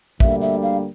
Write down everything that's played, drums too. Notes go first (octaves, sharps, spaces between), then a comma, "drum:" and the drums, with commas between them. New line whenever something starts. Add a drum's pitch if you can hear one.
D2 D3 G3 A#3 E5, drum: kick
E5
F5